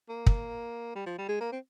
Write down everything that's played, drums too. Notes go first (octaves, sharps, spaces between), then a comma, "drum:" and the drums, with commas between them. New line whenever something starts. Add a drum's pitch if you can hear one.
A#3
drum: kick
G3
F3
G3
G#3
A#3
C4